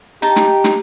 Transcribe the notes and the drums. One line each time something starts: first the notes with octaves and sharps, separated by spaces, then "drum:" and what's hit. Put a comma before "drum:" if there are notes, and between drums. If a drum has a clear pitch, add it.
D#4 G4 A5, drum: hi-hat
drum: snare
drum: snare